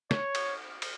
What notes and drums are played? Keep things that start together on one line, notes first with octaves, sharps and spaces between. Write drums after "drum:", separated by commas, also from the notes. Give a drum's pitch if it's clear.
C#5, drum: snare
drum: cymbal
drum: cymbal